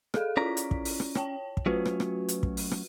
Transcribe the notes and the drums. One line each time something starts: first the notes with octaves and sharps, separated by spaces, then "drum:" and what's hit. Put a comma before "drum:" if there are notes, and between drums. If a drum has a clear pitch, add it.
G#4 A4 F5, drum: rim click
C#4 E4 F4 D5 A#5 B6
drum: hi-hat
drum: kick
drum: open hi-hat
drum: rim click
C#5 G5 A5, drum: rim click
drum: kick
F#3 A3 C#4 F4 F#4 B4
drum: rim click
drum: rim click
drum: hi-hat
drum: kick
drum: open hi-hat
drum: rim click